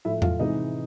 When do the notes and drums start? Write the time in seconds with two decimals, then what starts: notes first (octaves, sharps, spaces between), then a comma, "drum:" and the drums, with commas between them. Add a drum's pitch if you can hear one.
0.05 A2 F3 A3 E4 E5
0.22 F4 F5, drum: tom E2
0.39 C3 E3 G#3 D#4 D#5